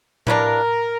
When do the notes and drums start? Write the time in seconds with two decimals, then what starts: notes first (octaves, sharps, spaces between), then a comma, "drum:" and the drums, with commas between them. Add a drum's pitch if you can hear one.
0.27 E3 G3 A#3 D4 A#4, drum: tom A2